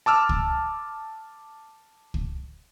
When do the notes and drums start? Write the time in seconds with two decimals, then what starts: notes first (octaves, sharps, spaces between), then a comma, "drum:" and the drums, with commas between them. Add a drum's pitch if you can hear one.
0.06 A5 D6 E6 F6
0.29 drum: kick
2.14 drum: kick